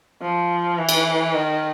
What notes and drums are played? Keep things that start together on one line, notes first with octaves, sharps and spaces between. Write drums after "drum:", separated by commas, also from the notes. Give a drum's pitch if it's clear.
F3
E3
drum: cymbal
D#3